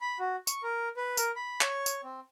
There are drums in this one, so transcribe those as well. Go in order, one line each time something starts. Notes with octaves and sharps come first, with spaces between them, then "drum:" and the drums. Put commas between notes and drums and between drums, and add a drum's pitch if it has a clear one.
B5
F#4
C#6, drum: tambourine
A#4
B4
A#4, drum: tambourine
B5
C#5, drum: clap
drum: tambourine
C4